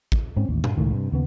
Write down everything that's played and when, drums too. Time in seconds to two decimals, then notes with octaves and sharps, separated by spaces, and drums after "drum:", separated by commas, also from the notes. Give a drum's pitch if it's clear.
0.12 drum: kick
0.37 G#2 C4 C#4
0.49 A1 D#2
0.64 G2, drum: tom A#2
0.77 C#2 A2 D#3
0.92 G2 C3
1.12 D#2 C#3 B3